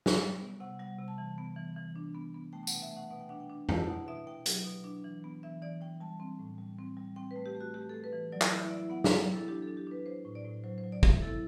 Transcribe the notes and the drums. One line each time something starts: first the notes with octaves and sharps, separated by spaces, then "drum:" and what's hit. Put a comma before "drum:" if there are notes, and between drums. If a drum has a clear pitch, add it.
drum: snare
G3 G5
B3
C3 F#5
G3 F#5
C3
A5
E3
B3
E3
E3
D4
B3
B3
A3 G5
G5
F#5, drum: tambourine
B2
E5
A3
F#5
B2 F#5
G5
D4 F#5
G5
D4
E4 A5, drum: tom F2
B2 F#5
B2 E5
B2 G5
F#3, drum: hi-hat
B2
D4
E3
B3
E3 E5
E3 D5
E3 G5
G3 A5
C4
A2
G3
C4
G3
C4 G5
B4
A3
G4
A3
F#4
A3 G4
A4
A3
B4
E3
F#3 D5
drum: clap
E4
E5
E4 D5
E5
B3 F#5
G5, drum: snare
F#3
G5
E4 A4
D4 G4
A4
D4
G4
D4 B4
D4 C5
A2
D5
A2
F#3 C5
C5
F#3
D5
B3 E5, drum: kick
E4 A4